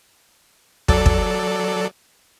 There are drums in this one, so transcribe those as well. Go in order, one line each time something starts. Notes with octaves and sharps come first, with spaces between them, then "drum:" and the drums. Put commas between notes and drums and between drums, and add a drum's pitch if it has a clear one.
F#3 A4 D5, drum: kick
drum: kick